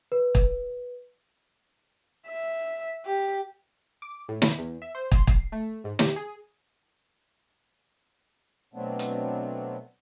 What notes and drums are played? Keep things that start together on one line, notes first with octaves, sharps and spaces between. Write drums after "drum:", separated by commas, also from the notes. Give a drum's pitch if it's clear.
B4
drum: kick
E5
G4
D6
A2
B5, drum: snare
E2
E5
C5
C6, drum: kick
C7, drum: kick
A3
G#2
G4, drum: snare
G#4
B2 F#3 A3 B3 C4 D4
drum: hi-hat